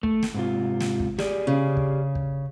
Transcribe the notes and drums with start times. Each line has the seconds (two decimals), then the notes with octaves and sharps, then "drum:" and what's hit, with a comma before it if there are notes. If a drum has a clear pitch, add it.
0.03 A3, drum: kick
0.23 drum: snare
0.34 G#2 C3 F4
0.80 drum: snare
1.00 drum: kick
1.19 G4 G#4 D5, drum: snare
1.47 C#3
1.77 drum: kick
2.15 drum: kick